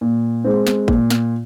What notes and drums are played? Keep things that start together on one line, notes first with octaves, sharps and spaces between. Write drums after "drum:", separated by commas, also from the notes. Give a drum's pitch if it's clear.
A#2
G#3 C4
drum: snare
A#2, drum: kick G#1
drum: snare